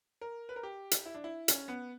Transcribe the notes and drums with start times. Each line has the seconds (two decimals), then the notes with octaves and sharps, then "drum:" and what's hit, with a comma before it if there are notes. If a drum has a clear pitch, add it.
0.21 A#4
0.49 B4
0.56 A#4
0.63 G4
0.91 drum: hi-hat
1.06 E4
1.14 D4
1.24 E4
1.48 C#4, drum: hi-hat
1.68 B3